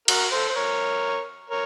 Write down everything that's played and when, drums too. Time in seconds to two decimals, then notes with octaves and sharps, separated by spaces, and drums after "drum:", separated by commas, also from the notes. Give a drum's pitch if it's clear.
0.08 F#4 A#4, drum: cymbal
0.31 A4 C5
0.49 C5
0.56 A#4 C#5
1.50 A#4 C#5